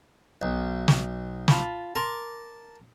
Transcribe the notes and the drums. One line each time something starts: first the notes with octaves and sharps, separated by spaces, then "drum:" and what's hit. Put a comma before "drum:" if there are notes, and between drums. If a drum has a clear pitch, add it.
B1
drum: snare
F4 A5 B5, drum: snare
A#4 A5 C6 D6